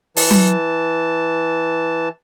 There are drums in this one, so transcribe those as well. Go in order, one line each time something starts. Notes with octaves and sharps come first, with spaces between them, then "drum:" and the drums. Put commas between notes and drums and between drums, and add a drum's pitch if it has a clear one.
E3 A5, drum: open hi-hat
drum: tom F#3